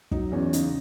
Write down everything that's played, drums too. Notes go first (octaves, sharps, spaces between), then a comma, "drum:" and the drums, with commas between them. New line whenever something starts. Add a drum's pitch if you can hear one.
F#3 D#4, drum: kick
E2 C#4
C#3 D#4, drum: hi-hat